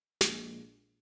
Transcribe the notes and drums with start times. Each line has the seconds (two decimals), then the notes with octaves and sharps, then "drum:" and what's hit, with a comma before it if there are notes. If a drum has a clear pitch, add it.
0.21 A#1 A#2 G#3, drum: snare